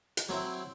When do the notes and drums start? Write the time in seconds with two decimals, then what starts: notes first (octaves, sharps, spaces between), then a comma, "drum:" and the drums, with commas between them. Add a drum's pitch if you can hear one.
0.17 drum: hi-hat
0.29 F#3 C4 E4